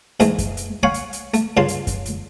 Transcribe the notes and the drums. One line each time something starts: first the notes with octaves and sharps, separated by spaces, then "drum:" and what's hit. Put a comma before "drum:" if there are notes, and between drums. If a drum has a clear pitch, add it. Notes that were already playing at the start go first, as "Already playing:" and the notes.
G#2 E3 G#3 A3, drum: hi-hat
drum: kick F#2, hi-hat
drum: hi-hat
C#5 F5 F#5 G#5 B5 C#6
drum: hi-hat
drum: hi-hat
A3, drum: hi-hat
G2 C#3 F4 A5 C6
drum: hi-hat
drum: kick F#2, hi-hat
drum: hi-hat